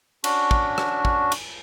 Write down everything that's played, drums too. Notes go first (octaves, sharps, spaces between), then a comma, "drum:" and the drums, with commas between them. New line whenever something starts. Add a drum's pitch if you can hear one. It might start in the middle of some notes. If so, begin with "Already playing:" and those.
C#4 D4 F#4, drum: cymbal
drum: kick
drum: rim click
drum: kick
drum: cymbal